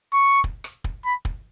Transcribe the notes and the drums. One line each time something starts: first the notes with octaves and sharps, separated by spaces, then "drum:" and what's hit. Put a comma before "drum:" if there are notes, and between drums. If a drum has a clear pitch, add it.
C#6
drum: kick
drum: rim click
drum: kick
B5
drum: kick